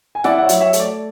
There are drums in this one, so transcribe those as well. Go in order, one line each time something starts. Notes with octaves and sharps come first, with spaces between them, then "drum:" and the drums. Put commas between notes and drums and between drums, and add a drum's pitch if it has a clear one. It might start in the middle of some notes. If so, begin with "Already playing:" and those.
G#5
E4 D5 F#5, drum: snare
F#5
C#5 E5
F#3, drum: hi-hat
C#5 E5
A3, drum: hi-hat
D5